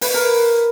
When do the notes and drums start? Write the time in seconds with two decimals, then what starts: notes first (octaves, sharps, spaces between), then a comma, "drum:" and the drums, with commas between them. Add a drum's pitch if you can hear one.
0.01 B4, drum: open hi-hat
0.14 A#4